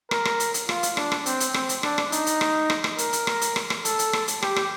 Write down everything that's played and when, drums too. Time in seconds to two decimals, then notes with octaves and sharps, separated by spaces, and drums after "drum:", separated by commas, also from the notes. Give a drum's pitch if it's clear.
0.11 A#4, drum: rim click
0.25 drum: rim click
0.40 drum: hi-hat
0.54 drum: hi-hat
0.69 F4, drum: rim click
0.83 drum: hi-hat
0.97 D4, drum: rim click
1.12 drum: rim click
1.26 C4, drum: hi-hat
1.40 drum: hi-hat
1.54 C4, drum: rim click
1.69 drum: hi-hat
1.83 D4, drum: rim click
1.98 drum: rim click
2.12 D#4, drum: hi-hat
2.27 drum: hi-hat
2.41 drum: rim click
2.70 drum: rim click
2.84 drum: rim click
2.98 A#4, drum: hi-hat
3.13 drum: hi-hat
3.27 drum: rim click
3.41 drum: hi-hat
3.56 drum: rim click
3.70 drum: rim click
3.85 A4, drum: hi-hat
3.99 drum: hi-hat
4.13 drum: rim click
4.28 drum: hi-hat
4.42 G4, drum: rim click
4.56 drum: rim click